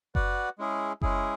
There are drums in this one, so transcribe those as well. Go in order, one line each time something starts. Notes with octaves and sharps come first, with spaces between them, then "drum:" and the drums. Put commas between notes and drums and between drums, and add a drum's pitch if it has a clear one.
F#4 B4 D5 F#5, drum: kick F#1
G#3 C#4 E4 G#4
G#3 C#4 E4 G#4, drum: kick F#1